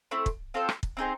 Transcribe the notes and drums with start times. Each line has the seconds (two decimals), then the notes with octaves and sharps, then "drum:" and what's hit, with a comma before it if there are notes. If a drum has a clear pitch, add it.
0.11 A3 C4 E4
0.26 drum: kick
0.54 C4 F4 A4 C5
0.69 drum: rim click
0.83 drum: kick
0.97 C4 D#4 G#4 C5